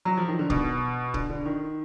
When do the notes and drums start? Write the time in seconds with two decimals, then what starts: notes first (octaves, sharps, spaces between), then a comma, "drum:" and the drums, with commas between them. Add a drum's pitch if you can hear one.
0.05 F#3
0.17 F3
0.28 D#3
0.39 D3
0.50 B2, drum: kick C#1
1.14 D3, drum: kick C#1
1.30 D3
1.46 D#3